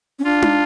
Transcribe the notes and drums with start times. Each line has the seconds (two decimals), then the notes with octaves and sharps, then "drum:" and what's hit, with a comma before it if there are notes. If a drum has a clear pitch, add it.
0.19 C#4
0.24 D4 F4
0.42 drum: tom D#4